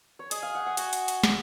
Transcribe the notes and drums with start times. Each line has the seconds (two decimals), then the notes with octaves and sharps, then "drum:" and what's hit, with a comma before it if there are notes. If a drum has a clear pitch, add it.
0.19 C#5
0.31 G#4 D#5, drum: hi-hat
0.43 F5
0.55 F#5
0.66 F#5
0.77 F#4 G#5, drum: hi-hat
0.93 drum: hi-hat
1.08 drum: hi-hat
1.24 drum: snare